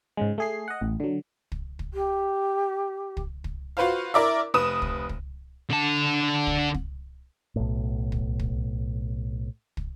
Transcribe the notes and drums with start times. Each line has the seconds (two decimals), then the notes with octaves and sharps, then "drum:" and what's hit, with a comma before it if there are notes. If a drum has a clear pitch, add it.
0.17 G#2 C#3 G#3
0.38 A3 G#4 C7
0.68 D#5 F#5
0.81 A1
1.00 D3 F#3
1.52 drum: kick
1.79 drum: kick
1.93 G4
3.17 drum: kick
3.44 drum: kick
3.77 F4 F#4 B4 C5 F5
4.14 E4 A#4 D5 E5
4.54 F1 B4 D#6 E7
4.82 drum: kick
5.09 drum: kick
5.70 D3 A5
6.47 drum: kick
6.74 drum: kick
7.56 B1 A2
8.12 drum: kick
8.39 drum: kick
9.77 drum: kick